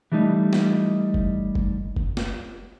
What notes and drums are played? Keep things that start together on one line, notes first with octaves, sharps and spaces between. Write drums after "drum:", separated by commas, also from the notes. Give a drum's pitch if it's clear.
E3 G3 A3 D#4
drum: snare
drum: kick F#1
drum: kick F#1
drum: kick F#1
drum: snare